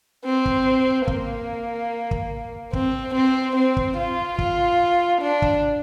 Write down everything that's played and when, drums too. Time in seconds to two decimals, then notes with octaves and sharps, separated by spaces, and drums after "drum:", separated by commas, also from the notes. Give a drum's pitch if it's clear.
0.25 C4
0.46 drum: kick
1.08 A#3, drum: kick
2.11 drum: kick
2.73 C4, drum: kick
3.14 C4
3.56 C4
3.77 drum: kick
3.98 F4
4.38 F4, drum: kick
5.22 D4
5.42 drum: kick